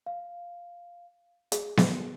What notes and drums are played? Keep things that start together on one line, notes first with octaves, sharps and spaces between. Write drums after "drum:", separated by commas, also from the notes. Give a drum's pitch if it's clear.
F5
G#4, drum: hi-hat
drum: snare B3